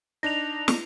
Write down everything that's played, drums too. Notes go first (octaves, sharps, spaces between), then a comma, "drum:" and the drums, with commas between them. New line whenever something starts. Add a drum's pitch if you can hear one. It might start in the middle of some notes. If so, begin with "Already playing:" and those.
D4 D#4 A#6 F7
drum: snare